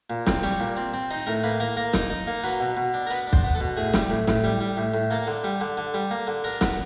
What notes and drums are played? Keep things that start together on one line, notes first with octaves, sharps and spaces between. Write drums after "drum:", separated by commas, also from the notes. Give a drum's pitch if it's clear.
A#2
C4, drum: snare
G3 C#5
A#2
C4
C4
D#4 C5
A2 A#4
A#3 B4
A#3 A#4
A#3 A#4
D#4, drum: snare
D#4
A#3
F#3 B4
B2
B2
D4
A#4
B3 B4
D4
C5, drum: kick
B3
A4
B2
A2 G#4
G3, drum: snare
A2
A2, drum: snare
G3
G3
A2
A2
A#3 A4
D3
G3
D3
D3
G3
A#3
D3
D4 A#4
B3, drum: snare